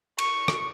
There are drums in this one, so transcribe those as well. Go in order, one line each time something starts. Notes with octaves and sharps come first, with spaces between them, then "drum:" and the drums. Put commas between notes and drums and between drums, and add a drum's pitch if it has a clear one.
C#6, drum: cymbal
drum: rim click